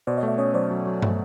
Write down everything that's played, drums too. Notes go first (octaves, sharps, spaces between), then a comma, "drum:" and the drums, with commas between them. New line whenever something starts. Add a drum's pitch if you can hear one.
B2 C5 D5
C#5 D#5
A3
D5 E5
C#4 C#5 D#5
F#3 C5 D5
F#3
F#3
A3, drum: tom